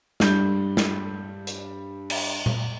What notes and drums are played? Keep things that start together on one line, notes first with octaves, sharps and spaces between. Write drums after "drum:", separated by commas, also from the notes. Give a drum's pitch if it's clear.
G2 G3 G6, drum: snare
drum: snare
drum: hi-hat
drum: cymbal
drum: tom A#2